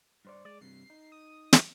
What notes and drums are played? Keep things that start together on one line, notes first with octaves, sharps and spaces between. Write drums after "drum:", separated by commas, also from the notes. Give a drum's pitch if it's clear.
G2 C5 D5
G#3 D5
G2 C3 C7
D#4
D#6
drum: snare